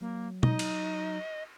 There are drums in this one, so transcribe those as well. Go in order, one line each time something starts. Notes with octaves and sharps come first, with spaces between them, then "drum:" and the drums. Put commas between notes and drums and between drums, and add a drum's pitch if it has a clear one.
F#3 A#3
D#4 D#5, drum: tom B2
drum: cymbal